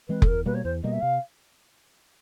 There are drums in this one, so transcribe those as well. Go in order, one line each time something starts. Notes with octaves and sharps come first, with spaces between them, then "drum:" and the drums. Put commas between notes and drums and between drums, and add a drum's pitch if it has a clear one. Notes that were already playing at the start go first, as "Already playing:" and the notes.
E3 G#3 C4 B4
A4, drum: kick F1
E2 A#4
B2 G3 A#3 B4
C#5
E2 C5
B2 G3 A#3 D#5
E5
C3 F5